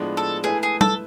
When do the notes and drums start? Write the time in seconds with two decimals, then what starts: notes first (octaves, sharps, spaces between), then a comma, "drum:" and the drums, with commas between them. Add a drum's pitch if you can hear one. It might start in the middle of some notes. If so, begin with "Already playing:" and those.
Already playing: A2 F3 G#3 B3 D4
0.17 A4
0.44 A3 E4 G#4 B4
0.63 G#4
0.81 A4, drum: tom G3